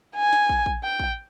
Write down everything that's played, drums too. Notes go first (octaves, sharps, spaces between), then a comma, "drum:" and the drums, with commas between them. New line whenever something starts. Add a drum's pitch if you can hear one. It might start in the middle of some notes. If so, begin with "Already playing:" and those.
G#5
drum: snare
drum: kick
drum: kick
G5
drum: kick